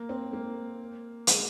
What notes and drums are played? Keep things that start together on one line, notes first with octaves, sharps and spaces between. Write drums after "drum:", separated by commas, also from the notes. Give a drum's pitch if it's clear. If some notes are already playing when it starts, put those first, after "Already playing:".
Already playing: A#3
C4
A#3
G#3, drum: hi-hat